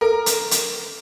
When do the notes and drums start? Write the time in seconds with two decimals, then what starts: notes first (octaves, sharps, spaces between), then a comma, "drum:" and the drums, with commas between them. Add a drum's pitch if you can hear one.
0.01 A4 A#4
0.26 drum: hi-hat
0.51 drum: hi-hat